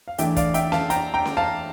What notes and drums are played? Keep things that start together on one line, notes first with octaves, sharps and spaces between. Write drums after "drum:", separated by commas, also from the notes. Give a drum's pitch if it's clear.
F5
E2 E3 A3 D4 E5 G5, drum: hi-hat
D5 F5, drum: kick, hi-hat
E5 G5, drum: hi-hat
F5 A5, drum: snare C#4
G5 A#5, drum: hi-hat
G5 A#5
drum: snare C#4
F5 A5